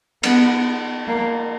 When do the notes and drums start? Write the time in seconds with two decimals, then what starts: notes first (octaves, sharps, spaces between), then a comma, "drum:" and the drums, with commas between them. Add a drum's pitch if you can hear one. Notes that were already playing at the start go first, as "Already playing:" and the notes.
0.23 B3, drum: cymbal
1.08 A#3